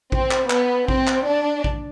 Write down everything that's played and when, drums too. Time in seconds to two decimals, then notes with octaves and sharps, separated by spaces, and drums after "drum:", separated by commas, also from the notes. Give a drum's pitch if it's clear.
0.12 C4, drum: kick A1
0.31 drum: clap
0.50 B3, drum: clap
0.88 C4, drum: kick A1
1.07 drum: clap
1.26 D4
1.64 drum: kick A1